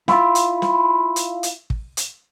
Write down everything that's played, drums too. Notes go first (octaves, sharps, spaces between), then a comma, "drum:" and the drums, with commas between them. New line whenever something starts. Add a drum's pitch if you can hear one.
E4 F4, drum: snare
drum: hi-hat
drum: snare
drum: hi-hat
drum: hi-hat
drum: kick
drum: hi-hat